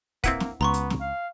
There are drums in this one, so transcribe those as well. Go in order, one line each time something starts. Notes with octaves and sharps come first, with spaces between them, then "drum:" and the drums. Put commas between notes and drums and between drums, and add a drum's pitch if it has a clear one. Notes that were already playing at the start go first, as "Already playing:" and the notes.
A#3 C4 E4 B4 F#5, drum: kick, hi-hat
drum: snare
C#2 B3 A#5 C6 C#6
drum: hi-hat
drum: snare
F5